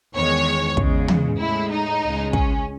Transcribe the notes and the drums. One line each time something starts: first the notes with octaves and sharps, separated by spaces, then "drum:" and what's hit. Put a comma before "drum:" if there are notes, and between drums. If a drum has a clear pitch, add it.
E2 D#3 G#3 C#5
E2 C#3 G#3, drum: kick
drum: tom
A2 G#3 E4
D#4
C#2 C#3 G#3
C#4, drum: kick